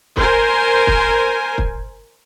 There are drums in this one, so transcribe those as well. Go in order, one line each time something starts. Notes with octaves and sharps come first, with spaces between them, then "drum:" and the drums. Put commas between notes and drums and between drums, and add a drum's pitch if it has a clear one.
A#4 C5 G#5, drum: kick
drum: kick
drum: kick